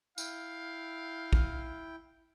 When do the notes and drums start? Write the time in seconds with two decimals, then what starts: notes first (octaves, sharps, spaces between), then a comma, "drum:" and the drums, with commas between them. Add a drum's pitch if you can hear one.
0.18 E4 F5 G5, drum: tambourine
1.33 drum: kick